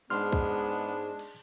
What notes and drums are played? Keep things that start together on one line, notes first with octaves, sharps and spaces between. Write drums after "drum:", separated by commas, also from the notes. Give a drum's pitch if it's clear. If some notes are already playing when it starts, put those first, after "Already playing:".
G#2 G#3 B3 D4 C6 F6
drum: kick
drum: cymbal